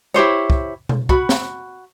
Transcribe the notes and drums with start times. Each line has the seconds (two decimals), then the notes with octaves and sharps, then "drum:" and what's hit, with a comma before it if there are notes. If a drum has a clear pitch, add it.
0.14 E4 G4 C5 C#5
0.50 drum: kick
0.89 drum: tom B2
1.09 F#4 B5, drum: kick
1.29 drum: snare